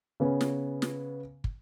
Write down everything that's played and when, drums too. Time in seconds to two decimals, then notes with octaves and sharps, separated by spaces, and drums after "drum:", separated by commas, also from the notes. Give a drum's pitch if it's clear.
0.20 C#3 B3 C#4
0.41 drum: snare
0.82 drum: snare
1.44 drum: kick